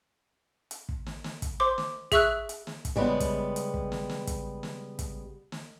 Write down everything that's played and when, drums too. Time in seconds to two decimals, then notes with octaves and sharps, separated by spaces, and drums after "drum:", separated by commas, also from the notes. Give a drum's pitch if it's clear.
0.71 drum: hi-hat
0.89 drum: kick
1.06 drum: snare
1.24 drum: snare
1.42 drum: kick, hi-hat
1.60 C5 C6 D6
1.78 drum: snare
2.12 G#4 E5 C#6 E6 F#6, drum: kick, hi-hat
2.49 drum: hi-hat
2.67 drum: snare
2.85 drum: kick, hi-hat
2.96 C#3 G3 G#3 B3
3.20 drum: kick, hi-hat
3.56 drum: hi-hat
3.74 drum: kick
3.92 drum: snare
4.10 drum: snare
4.27 drum: kick, hi-hat
4.63 drum: snare
4.99 drum: kick, hi-hat
5.52 drum: snare